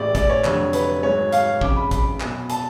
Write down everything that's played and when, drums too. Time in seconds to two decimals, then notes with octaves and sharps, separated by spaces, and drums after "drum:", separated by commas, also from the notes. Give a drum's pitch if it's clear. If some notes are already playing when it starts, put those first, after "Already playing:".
Already playing: A1 A2 G#3 D5
0.15 D5, drum: kick, hi-hat
0.30 C#5
0.44 F1 F2 D3 F#3, drum: clap
0.73 B4, drum: hi-hat
1.03 G#1 G#2 F#3 C#5
1.32 F5, drum: hi-hat
1.61 F2 C#3 G#3 D6, drum: kick
1.76 B5
1.91 B5, drum: kick, hi-hat
2.20 B1 B2 F#3, drum: clap
2.50 A5, drum: hi-hat